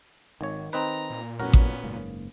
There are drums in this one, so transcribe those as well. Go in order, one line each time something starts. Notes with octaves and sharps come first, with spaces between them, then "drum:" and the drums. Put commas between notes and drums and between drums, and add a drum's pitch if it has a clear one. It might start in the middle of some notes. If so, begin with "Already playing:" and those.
G#1 D#3 C#5
C4 D#4 B4 A#5
A#2
F#2 A2 B3 C#4 F#4 A#4
drum: kick A1
F#1 G#2 A#3